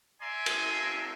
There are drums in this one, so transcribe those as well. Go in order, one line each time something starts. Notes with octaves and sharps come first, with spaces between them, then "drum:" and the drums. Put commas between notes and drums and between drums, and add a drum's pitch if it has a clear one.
D5 E5 G#5 A#5 C6
drum: cymbal